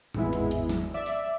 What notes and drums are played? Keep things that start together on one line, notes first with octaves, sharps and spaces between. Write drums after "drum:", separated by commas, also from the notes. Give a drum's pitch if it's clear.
G#1 E2 G#3 B3 E4, drum: tom A2
drum: hi-hat
drum: hi-hat
drum: snare
D5 E5
drum: hi-hat